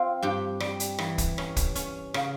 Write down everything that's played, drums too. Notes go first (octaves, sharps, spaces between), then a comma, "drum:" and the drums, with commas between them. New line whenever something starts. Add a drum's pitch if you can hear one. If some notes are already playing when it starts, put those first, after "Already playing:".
Already playing: C4 F4
G2 G4
G3, drum: rim click
drum: hi-hat
E3, drum: rim click
drum: kick, hi-hat
C#4, drum: rim click
drum: kick, hi-hat
C#4, drum: hi-hat
C#3, drum: rim click